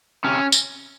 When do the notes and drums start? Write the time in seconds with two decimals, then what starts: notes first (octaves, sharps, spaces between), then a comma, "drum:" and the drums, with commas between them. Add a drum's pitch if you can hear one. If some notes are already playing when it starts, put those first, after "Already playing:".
0.24 C3 C#4
0.52 drum: tambourine